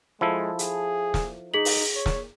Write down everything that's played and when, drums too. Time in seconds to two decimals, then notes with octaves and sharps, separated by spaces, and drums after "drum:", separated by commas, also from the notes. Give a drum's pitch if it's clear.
0.21 F3 G#3 E4 A4
0.59 G#4, drum: hi-hat
1.14 drum: snare
1.54 D#4 G#4 B6 F#7
1.65 drum: open hi-hat
1.96 C#5
2.06 drum: snare